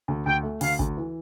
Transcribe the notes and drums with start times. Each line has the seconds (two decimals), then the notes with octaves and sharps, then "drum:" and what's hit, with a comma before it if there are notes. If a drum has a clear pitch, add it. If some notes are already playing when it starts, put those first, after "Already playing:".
0.08 D2
0.26 D2 G5
0.43 A3
0.61 D2 F5, drum: open hi-hat
0.79 D2, drum: kick
0.97 E3